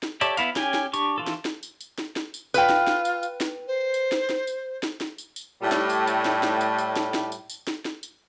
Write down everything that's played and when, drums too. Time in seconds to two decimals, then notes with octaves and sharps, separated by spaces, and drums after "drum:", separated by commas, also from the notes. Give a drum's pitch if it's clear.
0.03 drum: snare
0.21 G4 A4 C#5 D5 E5, drum: tambourine
0.37 B3 E4 F5, drum: tambourine
0.56 C#4 G4 G5 G#5, drum: snare
0.74 drum: snare
0.93 D4 G4 C#6, drum: tambourine
1.18 E3 F4 A4
1.27 drum: snare
1.45 drum: snare
1.63 drum: tambourine
1.81 drum: tambourine
1.98 drum: snare
2.16 drum: snare
2.34 drum: tambourine
2.54 F4 B4 G5, drum: tambourine
2.69 drum: snare
2.87 drum: snare
3.05 drum: tambourine
3.23 drum: tambourine
3.41 drum: snare
3.67 C5
3.94 drum: tambourine
4.12 drum: snare
4.29 drum: snare
4.47 drum: tambourine
4.83 drum: snare
5.01 drum: snare
5.18 drum: tambourine
5.36 drum: tambourine
5.62 A2 G3
5.72 drum: snare
5.90 drum: tambourine
6.07 drum: tambourine
6.25 drum: snare
6.43 drum: snare
6.61 drum: tambourine
6.78 drum: tambourine
6.96 drum: snare
7.14 drum: snare
7.32 drum: tambourine
7.50 drum: tambourine
7.67 drum: snare
7.85 drum: snare
8.03 drum: tambourine